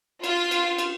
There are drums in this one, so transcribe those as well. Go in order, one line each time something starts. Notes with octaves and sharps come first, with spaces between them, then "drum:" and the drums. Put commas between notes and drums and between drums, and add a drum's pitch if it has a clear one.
F4, drum: cymbal
drum: cymbal
drum: cymbal